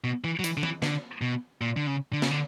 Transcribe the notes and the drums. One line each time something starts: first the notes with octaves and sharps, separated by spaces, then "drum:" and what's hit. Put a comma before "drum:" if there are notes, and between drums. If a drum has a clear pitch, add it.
B2
E3
F#3
E3, drum: hi-hat
D3
E3, drum: tom E3
D3, drum: snare
B2
A#2
D3
C#3
D3
C#3, drum: snare
D3